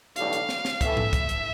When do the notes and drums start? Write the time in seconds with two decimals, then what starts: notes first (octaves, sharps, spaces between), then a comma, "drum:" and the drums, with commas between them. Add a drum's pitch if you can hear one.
0.16 B1 A2 E3 G3 D4 F5, drum: hi-hat
0.33 drum: hi-hat
0.49 drum: snare
0.65 drum: snare
0.81 A2 E3 A3 E4 A4 E5, drum: kick, hi-hat
0.97 drum: tom G#2
1.13 drum: kick, hi-hat
1.29 drum: hi-hat